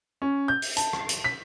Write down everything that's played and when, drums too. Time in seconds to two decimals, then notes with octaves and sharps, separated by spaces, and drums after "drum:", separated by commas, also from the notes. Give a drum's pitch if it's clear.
0.22 C#4
0.48 G6
0.62 drum: open hi-hat
0.77 A5, drum: hi-hat
0.93 drum: rim click
1.09 drum: hi-hat
1.24 B6